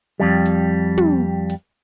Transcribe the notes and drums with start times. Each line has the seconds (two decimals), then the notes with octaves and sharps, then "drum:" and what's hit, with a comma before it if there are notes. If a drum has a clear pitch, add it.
0.20 F2 G3
0.46 drum: hi-hat
0.98 drum: tom
1.50 drum: hi-hat